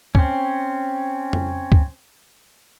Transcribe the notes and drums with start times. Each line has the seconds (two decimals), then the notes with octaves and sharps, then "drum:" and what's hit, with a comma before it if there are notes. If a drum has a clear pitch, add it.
0.15 C4 C#4, drum: kick
1.33 drum: tom F2
1.72 drum: kick